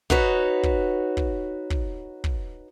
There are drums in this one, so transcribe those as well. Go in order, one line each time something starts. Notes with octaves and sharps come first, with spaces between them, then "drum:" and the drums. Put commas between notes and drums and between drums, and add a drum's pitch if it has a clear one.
D#4 F#4 B4 C#5, drum: kick
drum: kick
drum: kick
drum: kick
drum: kick